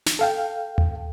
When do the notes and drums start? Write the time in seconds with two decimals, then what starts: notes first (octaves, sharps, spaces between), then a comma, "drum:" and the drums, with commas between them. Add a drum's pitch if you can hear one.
0.06 drum: snare
0.19 A4 F5 G5
0.78 drum: tom D#2